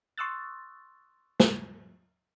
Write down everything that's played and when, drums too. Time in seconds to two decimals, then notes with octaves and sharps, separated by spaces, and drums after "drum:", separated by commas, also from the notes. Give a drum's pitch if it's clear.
0.18 C6 C#6 D#6 E6 F#6 A6
1.40 drum: snare